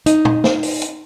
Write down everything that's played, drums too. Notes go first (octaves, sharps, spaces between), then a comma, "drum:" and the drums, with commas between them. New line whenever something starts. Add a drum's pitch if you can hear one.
D#4, drum: hi-hat
drum: tom
drum: snare
drum: open hi-hat
drum: hi-hat